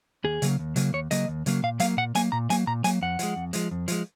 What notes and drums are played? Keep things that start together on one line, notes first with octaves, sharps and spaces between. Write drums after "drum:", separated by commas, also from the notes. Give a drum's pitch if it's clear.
D#2 G#4
C#3 F#3 A#3, drum: hi-hat
D#2
C#3 F#3 A#3, drum: hi-hat
D#2 C#5
C#3 F#3 A#3 D#5, drum: hi-hat
D#2
C#3 F#3 A#3, drum: hi-hat
A#2 F5
F#3 A#3 F5, drum: hi-hat
A#2 F#5
F#3 A#3 G#5, drum: hi-hat
A#2 A#5
F#3 A#3 G#5, drum: hi-hat
A#2 A#5
F#3 A#3 G#5, drum: hi-hat
F2 F#5
F3 G#3, drum: hi-hat
F2
F3 G#3, drum: hi-hat
F2
F3 G#3, drum: hi-hat